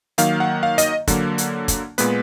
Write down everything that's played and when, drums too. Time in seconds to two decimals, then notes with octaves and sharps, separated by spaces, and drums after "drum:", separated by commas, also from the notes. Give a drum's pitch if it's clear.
0.18 D#3 F#3 A#3 F5, drum: hi-hat
0.40 F#5
0.63 F5
0.78 D#5, drum: hi-hat
1.08 D3 F#3 A#3, drum: kick, hi-hat
1.38 drum: hi-hat
1.68 drum: kick, hi-hat
1.98 A#2 G#3 B3 B4, drum: hi-hat